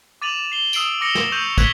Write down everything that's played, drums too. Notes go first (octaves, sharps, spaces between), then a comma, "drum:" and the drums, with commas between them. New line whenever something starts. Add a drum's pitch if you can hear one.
D6 A6 D#7 F7 F#7
C7 G7
D#6 E6 C7 D7 F#7, drum: tambourine
D6 D#6 A#6 C#7 F7 G7
drum: snare
C#6 E6 G6 D#7 F7
F#6 G#6 B6 C#7 F#7 G7, drum: kick, tambourine